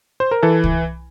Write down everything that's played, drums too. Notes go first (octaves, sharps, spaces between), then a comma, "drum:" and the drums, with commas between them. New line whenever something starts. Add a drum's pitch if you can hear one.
C5
A#4
E3 A4
drum: kick C2